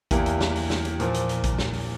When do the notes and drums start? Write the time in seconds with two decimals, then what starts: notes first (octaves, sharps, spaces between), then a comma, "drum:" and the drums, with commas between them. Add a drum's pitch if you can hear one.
0.11 E2 E3 A#3 E4 G4, drum: kick, hi-hat
0.26 drum: hi-hat
0.41 drum: snare
0.55 drum: open hi-hat
0.70 drum: snare
0.85 drum: hi-hat
1.00 A#2 F3 A#3, drum: hi-hat
1.14 drum: hi-hat
1.29 drum: hi-hat
1.44 drum: kick, hi-hat
1.59 drum: snare
1.73 drum: open hi-hat